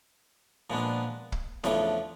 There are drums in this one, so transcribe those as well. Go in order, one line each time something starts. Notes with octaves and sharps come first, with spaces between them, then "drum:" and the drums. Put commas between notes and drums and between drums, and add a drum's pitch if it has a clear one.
A#2 F3 G#3 B3 D4
drum: kick
E2 C#3 F3 A3 D4, drum: snare E4